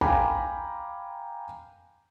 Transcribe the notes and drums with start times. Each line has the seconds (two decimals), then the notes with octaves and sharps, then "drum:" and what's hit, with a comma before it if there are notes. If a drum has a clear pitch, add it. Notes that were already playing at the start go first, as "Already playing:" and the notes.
0.01 F5 G5 G#5 A#5 B5 D6, drum: tom